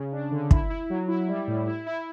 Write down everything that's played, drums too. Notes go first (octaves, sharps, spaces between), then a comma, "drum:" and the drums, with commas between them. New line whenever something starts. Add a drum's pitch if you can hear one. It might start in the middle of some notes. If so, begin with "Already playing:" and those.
Already playing: C#3
D4
D3
E4, drum: kick
E4
F#3
E4
G3
A2
E4
E4